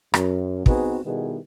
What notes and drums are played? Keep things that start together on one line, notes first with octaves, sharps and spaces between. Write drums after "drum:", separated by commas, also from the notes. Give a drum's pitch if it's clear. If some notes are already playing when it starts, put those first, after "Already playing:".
F#2, drum: rim click
B3 C4 D#4 F#4 G#4 B4, drum: kick
B2 D#3 G3 B3 E4 G#4